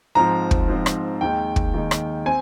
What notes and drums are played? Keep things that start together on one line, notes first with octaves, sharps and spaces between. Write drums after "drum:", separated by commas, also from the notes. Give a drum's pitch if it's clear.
G#2 F3 C4 A#5
drum: kick
G#2 F3 C4
drum: rim click
D#2 D#3 G#3 D#4 G5
drum: kick
D#2 D#3 G#3 D#4
drum: rim click
C4 G#5